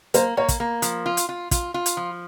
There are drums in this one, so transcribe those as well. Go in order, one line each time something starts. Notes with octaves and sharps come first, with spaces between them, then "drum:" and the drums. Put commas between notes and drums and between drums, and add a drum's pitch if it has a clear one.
A#3 C5, drum: hi-hat
A#3 C#5
drum: kick, hi-hat
A#3
F3, drum: hi-hat
F4
drum: hi-hat
F4
F4, drum: kick, hi-hat
F4
drum: hi-hat
F3